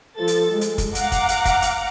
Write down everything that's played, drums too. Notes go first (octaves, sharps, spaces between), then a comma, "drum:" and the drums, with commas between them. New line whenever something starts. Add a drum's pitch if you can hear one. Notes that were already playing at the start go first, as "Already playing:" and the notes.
F3 A4 A6
drum: hi-hat
G#3
drum: hi-hat
drum: kick, hi-hat
F5 F#5 A#5 D6, drum: hi-hat
drum: kick, hi-hat
drum: hi-hat
drum: kick, hi-hat
drum: hi-hat